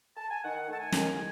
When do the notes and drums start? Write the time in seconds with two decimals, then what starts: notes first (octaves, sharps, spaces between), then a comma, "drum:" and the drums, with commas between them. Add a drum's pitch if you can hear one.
0.17 A5
0.30 G#5
0.44 D#3 F#5
0.67 A3
0.73 A5
0.80 G#5
0.93 D#3, drum: snare
1.16 G#5